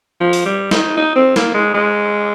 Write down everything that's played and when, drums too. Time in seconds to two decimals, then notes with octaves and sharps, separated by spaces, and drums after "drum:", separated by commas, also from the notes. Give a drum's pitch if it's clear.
0.21 F3
0.33 drum: open hi-hat
0.46 G3
0.71 D#4, drum: snare
0.97 D#4
1.16 C4
1.36 A#3, drum: snare
1.54 G#3
1.74 G#3